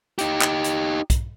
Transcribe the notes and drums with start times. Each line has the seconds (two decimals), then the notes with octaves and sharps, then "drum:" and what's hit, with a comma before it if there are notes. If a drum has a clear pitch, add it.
0.18 D#4 G4, drum: hi-hat
0.41 drum: clap
0.64 drum: hi-hat
1.10 drum: kick B1, hi-hat